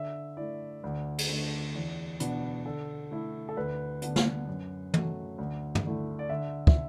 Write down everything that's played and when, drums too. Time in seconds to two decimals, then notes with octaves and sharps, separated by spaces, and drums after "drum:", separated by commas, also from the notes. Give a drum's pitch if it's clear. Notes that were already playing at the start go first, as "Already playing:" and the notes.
Already playing: D3 E5
0.37 A3 E4 D5
0.84 D2
1.18 drum: cymbal
1.28 D3 A3 D4
1.74 E2
2.20 B2 B3 D4, drum: hi-hat
2.65 D3 A4
3.11 A3 E4
3.49 A4
3.57 D2 B4
4.02 D3 B3 D4, drum: hi-hat
4.16 drum: snare
4.47 F#2
4.94 F#3 A3, drum: tom
5.38 D2
5.75 drum: tom
5.85 D3 A3 E4
6.19 D5
6.29 D3 E5
6.67 E5, drum: kick